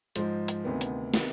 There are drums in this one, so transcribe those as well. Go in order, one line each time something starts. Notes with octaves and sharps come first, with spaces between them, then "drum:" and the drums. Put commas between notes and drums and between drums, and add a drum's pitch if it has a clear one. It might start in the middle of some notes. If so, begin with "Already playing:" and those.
G#2 F3 G#3 C5, drum: hi-hat
drum: hi-hat
D2 C3 D#3 B3
drum: hi-hat
C3 D#3 B3, drum: snare